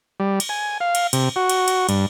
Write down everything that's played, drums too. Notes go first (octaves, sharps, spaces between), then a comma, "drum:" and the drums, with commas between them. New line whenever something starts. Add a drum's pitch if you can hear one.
G3
drum: cymbal
G#5
F5
drum: cymbal
C3, drum: cymbal
F#4
drum: cymbal
drum: cymbal
G2, drum: cymbal